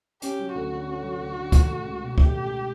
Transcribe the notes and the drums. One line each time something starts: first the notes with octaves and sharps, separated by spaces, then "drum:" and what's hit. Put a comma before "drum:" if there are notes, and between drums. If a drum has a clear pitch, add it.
C#4 G4, drum: hi-hat
F#3
D2 F#4
D3
C#4
F#3
D2
D3
D4, drum: kick, hi-hat
A3
C#2
B2
D4 G4, drum: kick
A3